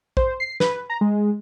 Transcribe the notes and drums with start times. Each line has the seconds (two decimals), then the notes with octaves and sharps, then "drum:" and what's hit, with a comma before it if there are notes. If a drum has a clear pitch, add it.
0.17 C5, drum: kick A#1
0.40 C7
0.60 B4, drum: snare
0.90 A#5
1.01 G#3